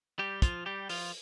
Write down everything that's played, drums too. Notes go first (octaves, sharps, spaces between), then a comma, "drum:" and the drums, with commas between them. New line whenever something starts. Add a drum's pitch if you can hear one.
G3 G4
F3 F4, drum: kick, hi-hat
G3 G4
F3 F4, drum: open hi-hat